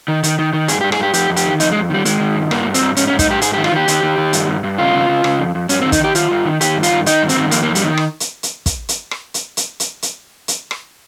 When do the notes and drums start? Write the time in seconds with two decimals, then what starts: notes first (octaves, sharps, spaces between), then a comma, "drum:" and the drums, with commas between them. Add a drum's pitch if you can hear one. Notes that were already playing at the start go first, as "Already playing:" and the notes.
0.08 D#3
0.23 D#3, drum: hi-hat
0.39 D#3
0.53 D#3
0.68 G2 G#4, drum: hi-hat
0.81 G4
0.84 G2
0.92 G#4, drum: rim click
1.00 G2 G4
1.14 F2 G4, drum: hi-hat
1.30 F2
1.36 G4, drum: hi-hat
1.45 D#3
1.60 F2 D#4, drum: hi-hat
1.71 G#3
1.75 F2
1.90 D#3 G3
2.05 D#3 G#3, drum: hi-hat
2.20 D#3
2.36 G2
2.51 G2 A#3, drum: rim click
2.66 G2
2.74 C4, drum: hi-hat
2.81 G2
2.96 G#2 C#4, drum: hi-hat
3.07 C#4
3.12 G#2
3.19 D#4, drum: kick, hi-hat
3.27 G#2 G4
3.42 G#2 G#4, drum: hi-hat
3.53 G4
3.57 D#3
3.64 F4, drum: rim click
3.72 D#3 G4
3.88 D#3, drum: hi-hat
4.03 D#3
4.18 D#3
4.33 G2, drum: hi-hat
4.48 G2
4.64 G2
4.78 C#3 F4
4.94 C#3
5.09 C#3
5.24 C#3, drum: rim click
5.39 F2
5.55 F2
5.69 G2 C#4, drum: hi-hat
5.81 C4
5.85 D#3
5.92 D#4, drum: kick, hi-hat
6.00 D#3 G4
6.15 D#3 F4, drum: hi-hat
6.31 G2
6.45 D#3
6.61 D#3 G4, drum: hi-hat
6.77 G2
6.83 F4, drum: hi-hat
6.92 D#3
7.06 D#3 D#4, drum: hi-hat
7.22 G2
7.29 C4, drum: hi-hat
7.36 D#3
7.51 F2 A#3, drum: hi-hat
7.63 A#3
7.67 F2
7.75 G3, drum: hi-hat
7.83 D#3
7.97 drum: rim click
8.20 drum: hi-hat
8.43 drum: hi-hat
8.66 drum: kick, hi-hat
8.89 drum: hi-hat
9.11 drum: rim click
9.34 drum: hi-hat
9.57 drum: hi-hat
9.80 drum: hi-hat
10.02 drum: hi-hat
10.48 drum: hi-hat
10.71 drum: rim click